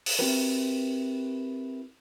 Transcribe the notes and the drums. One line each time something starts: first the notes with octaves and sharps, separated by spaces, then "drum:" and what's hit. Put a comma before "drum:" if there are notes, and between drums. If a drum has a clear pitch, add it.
drum: open hi-hat
C4 E4 F#4 G4 A#4 B4